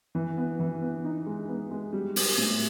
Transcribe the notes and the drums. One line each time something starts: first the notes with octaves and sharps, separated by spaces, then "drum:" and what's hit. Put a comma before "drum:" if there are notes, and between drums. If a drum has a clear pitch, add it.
E3
B3
E3
B3
D#4
G#3
B3
G#3
G3
G3, drum: open hi-hat
A2